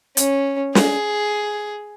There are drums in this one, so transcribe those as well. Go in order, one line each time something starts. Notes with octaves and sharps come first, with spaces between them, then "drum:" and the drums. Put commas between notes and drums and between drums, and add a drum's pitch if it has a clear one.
C#4, drum: hi-hat
G#4, drum: snare